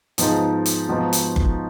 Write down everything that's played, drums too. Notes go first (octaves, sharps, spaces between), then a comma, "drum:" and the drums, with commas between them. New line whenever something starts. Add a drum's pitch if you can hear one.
G#2 F3 B3 D#4 G#4, drum: hi-hat
drum: hi-hat
G#2 F3 B3 D#4 F#4
drum: hi-hat
drum: kick F#1